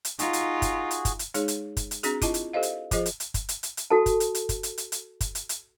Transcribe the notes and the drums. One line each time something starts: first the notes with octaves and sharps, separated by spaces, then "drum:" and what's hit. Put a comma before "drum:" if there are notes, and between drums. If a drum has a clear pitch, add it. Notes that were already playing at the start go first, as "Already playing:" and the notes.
drum: hi-hat
D#4 F4 F#4 G#4, drum: hi-hat
drum: hi-hat
drum: kick, hi-hat
drum: hi-hat
drum: kick, hi-hat
drum: hi-hat
G#3 D#4 G#4 C#5, drum: hi-hat
drum: hi-hat
drum: kick, hi-hat
drum: hi-hat
C4 D4 F#4 G#4, drum: hi-hat
E4 F4 D#5 A5, drum: kick, hi-hat
drum: hi-hat
G4 A4 C5 D#5 F5
drum: hi-hat
F3 F4 G#4 C5 D#5, drum: kick, hi-hat
drum: hi-hat
drum: hi-hat
drum: kick, hi-hat
drum: hi-hat
drum: hi-hat
drum: hi-hat
F#4 A4 A5
drum: kick, hi-hat
drum: hi-hat
drum: hi-hat
drum: kick, hi-hat
drum: hi-hat
drum: hi-hat
drum: hi-hat
drum: kick, hi-hat
drum: hi-hat
drum: hi-hat